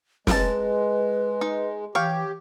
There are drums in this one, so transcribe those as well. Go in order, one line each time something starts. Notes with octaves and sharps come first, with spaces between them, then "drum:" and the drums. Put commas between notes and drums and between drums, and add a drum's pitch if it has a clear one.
G#3 A#4 B4 A5, drum: snare
D#4
E3 G4 C#5 F5 G5